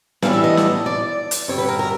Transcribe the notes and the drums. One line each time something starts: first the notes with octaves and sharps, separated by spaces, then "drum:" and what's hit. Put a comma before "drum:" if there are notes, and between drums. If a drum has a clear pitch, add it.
A2 E3 G3 B3 D4 F5, drum: snare
E5
D#5
drum: snare
D5
drum: hi-hat
G2 D3 G3 C#5
B4
A#4
A#4